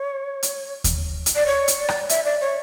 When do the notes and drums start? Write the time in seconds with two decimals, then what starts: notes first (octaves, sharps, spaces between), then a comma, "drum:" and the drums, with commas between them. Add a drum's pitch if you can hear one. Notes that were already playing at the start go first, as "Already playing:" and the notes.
Already playing: C#5
0.43 drum: hi-hat
0.84 drum: kick D#2, hi-hat
1.26 drum: hi-hat
1.36 D5
1.47 C#5
1.68 drum: hi-hat
1.78 D5
1.89 drum: rim click
2.09 E5, drum: hi-hat
2.25 D5
2.41 C#5